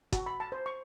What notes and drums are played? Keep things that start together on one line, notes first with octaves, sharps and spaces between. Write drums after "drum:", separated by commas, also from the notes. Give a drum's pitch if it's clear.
F#4, drum: kick, hi-hat
B5
A5
C5
C#6